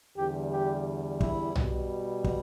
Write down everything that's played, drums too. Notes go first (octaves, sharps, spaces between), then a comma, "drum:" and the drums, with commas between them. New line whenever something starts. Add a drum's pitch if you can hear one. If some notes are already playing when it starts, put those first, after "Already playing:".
E2 D3 G3 G4
G4
E4, drum: kick
B2 G3, drum: tom B1
drum: kick